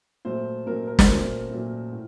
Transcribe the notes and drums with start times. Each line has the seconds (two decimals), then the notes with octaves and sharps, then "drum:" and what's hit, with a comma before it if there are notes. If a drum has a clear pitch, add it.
0.25 A#2 F#3 A3 C5
0.66 A#2 F#3 A3 A#4
0.88 A#4
0.99 C5, drum: snare
1.08 A#2 F#3 A3 A#4
1.51 A#2 F#3 A3
1.92 A2